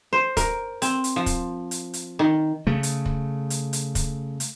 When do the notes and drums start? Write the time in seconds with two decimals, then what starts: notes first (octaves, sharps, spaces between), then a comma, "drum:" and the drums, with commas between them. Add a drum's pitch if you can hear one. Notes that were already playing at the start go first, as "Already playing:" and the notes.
0.13 C5
0.37 A#4, drum: kick, hi-hat
0.82 C4, drum: hi-hat
1.04 drum: hi-hat
1.16 F3
1.26 drum: kick, hi-hat
1.71 drum: hi-hat
1.93 drum: hi-hat
2.19 D#3
2.67 C#3 A3
2.83 drum: hi-hat
3.06 drum: kick
3.50 drum: hi-hat
3.73 drum: hi-hat
3.95 drum: kick, hi-hat
4.40 drum: hi-hat